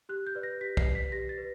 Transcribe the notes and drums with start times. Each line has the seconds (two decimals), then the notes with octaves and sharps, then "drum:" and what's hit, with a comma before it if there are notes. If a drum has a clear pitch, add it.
0.09 G4 F#6
0.27 G6
0.35 B4 D5
0.43 A#6
0.61 G4 B6
0.77 C7, drum: kick
0.86 B4 D5
0.95 B6
1.12 G4 A#6
1.29 A6
1.38 B4